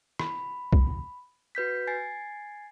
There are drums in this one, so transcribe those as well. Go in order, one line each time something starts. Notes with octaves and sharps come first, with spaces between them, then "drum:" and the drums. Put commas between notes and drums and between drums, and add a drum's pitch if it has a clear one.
B5, drum: rim click
drum: kick
F#4 B4 G6 B6
G#5 G#6 A6 C7